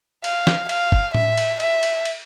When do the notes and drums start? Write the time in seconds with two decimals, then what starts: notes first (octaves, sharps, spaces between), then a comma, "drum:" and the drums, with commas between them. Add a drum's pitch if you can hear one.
0.24 F5, drum: cymbal
0.47 drum: snare
0.69 F5, drum: cymbal
0.92 drum: kick
1.15 E5, drum: tom A2
1.37 drum: cymbal
1.60 E5, drum: cymbal
1.83 drum: cymbal
2.05 drum: cymbal